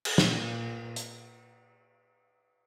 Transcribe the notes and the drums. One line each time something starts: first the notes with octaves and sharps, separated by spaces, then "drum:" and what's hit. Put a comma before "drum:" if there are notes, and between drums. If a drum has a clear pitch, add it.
drum: cymbal
A#2, drum: snare
drum: hi-hat